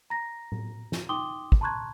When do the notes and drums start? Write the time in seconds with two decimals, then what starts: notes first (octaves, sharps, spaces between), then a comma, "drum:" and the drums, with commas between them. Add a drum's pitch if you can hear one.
0.10 A#5 A#6
0.52 drum: tom A2
0.92 drum: snare
1.09 D#4 G5 C6 D6 D#6 G7
1.52 drum: kick
1.61 A5 A#5 C6 C#6 F#6 G#6